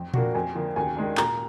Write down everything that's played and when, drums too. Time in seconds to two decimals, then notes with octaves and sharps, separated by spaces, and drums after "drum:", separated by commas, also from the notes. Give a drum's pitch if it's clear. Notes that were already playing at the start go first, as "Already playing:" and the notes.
Already playing: F2
0.14 F3 A#3 D4 F#4, drum: tom A#2
0.35 F2 G#5
0.55 D3 F3 A#3
0.76 D#2 G#5
0.97 D#3 G#3 D4
1.17 A#2 A#5, drum: clap